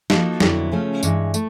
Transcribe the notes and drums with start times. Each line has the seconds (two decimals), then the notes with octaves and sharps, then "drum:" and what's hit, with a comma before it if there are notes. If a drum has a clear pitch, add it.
0.10 F3 A#3 D#4 F#4 A4, drum: snare
0.40 F2 D3 F#3 B3 E4, drum: snare
0.72 C#3 F3 A3 C#4
1.03 G2 E3 G#3, drum: tambourine
1.34 A3, drum: tambourine